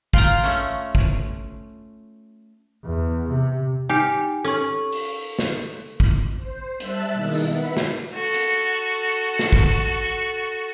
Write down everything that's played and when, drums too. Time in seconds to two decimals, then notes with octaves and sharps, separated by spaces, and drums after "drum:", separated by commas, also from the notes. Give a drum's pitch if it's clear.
0.13 F4 G5 A#5, drum: kick
0.43 A3 C#4
0.95 drum: kick
2.85 E2
3.29 C3
3.89 D#4 G4 G#5
4.44 C#4 A4 C#6
4.92 drum: open hi-hat
5.39 drum: snare
6.00 drum: kick
6.37 C5
6.80 G3 E5 A5 E6 F#6 A6, drum: hi-hat
7.13 B2 D#3 G#3 A#3 D#4 E4
7.34 drum: tambourine
7.46 B4 E5 F#5 B5
7.77 drum: snare
8.13 F#4 A4
8.34 drum: hi-hat
9.39 drum: snare
9.53 drum: kick